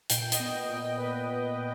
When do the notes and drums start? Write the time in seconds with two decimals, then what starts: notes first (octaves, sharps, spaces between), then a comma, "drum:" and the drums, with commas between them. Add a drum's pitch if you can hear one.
0.10 A#2 G5, drum: hi-hat
0.32 D#5, drum: hi-hat
0.40 B3
0.69 A#2
0.76 G5
0.98 A#2 B4
1.28 A#2
1.58 A#2